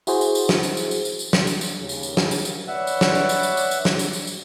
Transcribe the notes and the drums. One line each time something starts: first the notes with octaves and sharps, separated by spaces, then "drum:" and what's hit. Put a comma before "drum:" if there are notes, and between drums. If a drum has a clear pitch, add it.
E4 F#4 G#4 C5, drum: tambourine
drum: tambourine
drum: tambourine
drum: snare
drum: tambourine
drum: tambourine
drum: tambourine
drum: tambourine
drum: tambourine
drum: snare
drum: tambourine
drum: tambourine
D#2 C#3
drum: tambourine
drum: tambourine
drum: snare
drum: tambourine
drum: tambourine
B4 C#5 D5 E5 F#5
drum: tambourine
drum: snare
drum: tambourine
drum: tambourine
drum: tambourine
drum: tambourine
drum: tambourine
drum: snare
drum: tambourine
drum: tambourine
drum: tambourine